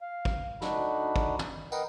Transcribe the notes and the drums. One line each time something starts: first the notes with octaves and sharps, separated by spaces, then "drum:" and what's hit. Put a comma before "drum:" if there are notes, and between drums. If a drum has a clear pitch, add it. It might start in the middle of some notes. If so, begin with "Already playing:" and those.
F5
drum: kick
D2 D4 D#4 F#4 B5, drum: snare
drum: kick
drum: tom
A#4 B4 D#5 F#5 G5, drum: tambourine